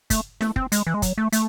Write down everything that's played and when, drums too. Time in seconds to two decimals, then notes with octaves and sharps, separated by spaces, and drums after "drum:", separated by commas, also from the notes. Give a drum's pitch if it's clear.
0.10 A3, drum: kick, hi-hat
0.41 A3, drum: snare
0.56 C4, drum: kick
0.72 G#3, drum: hi-hat
0.87 E3
0.94 G#3
1.02 F#3, drum: kick, hi-hat
1.18 A3
1.32 A3, drum: hi-hat